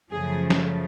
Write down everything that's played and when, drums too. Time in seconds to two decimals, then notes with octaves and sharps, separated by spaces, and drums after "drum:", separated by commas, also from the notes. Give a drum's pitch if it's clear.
0.11 F#2 C#3 F3 A3 G#4
0.50 drum: snare